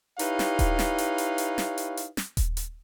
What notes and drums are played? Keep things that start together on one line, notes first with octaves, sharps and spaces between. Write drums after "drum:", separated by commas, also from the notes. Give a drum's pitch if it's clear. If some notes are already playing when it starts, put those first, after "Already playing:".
D#4 E4 G4 B4 C#5 F5, drum: hi-hat
drum: snare
drum: kick D#1, hi-hat
drum: snare
drum: hi-hat
drum: hi-hat
drum: hi-hat
drum: snare
drum: hi-hat
drum: hi-hat
drum: snare
drum: kick D#1, hi-hat
drum: hi-hat